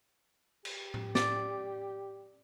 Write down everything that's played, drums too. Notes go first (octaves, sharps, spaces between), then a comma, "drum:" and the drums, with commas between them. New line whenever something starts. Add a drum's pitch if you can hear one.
G4, drum: cymbal
drum: tom A2
D5, drum: snare